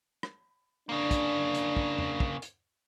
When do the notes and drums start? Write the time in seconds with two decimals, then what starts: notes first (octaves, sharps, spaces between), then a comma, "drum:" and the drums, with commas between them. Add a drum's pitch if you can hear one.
0.23 drum: rim click
0.89 C#3 A#3 D4
1.11 drum: kick, hi-hat
1.55 drum: hi-hat
1.76 drum: kick
1.98 drum: tom E2
2.20 drum: kick
2.42 drum: hi-hat